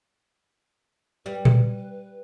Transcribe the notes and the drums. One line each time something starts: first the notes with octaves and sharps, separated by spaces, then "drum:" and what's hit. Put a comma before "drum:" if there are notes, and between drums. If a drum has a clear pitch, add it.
G3 B4
drum: tom A#2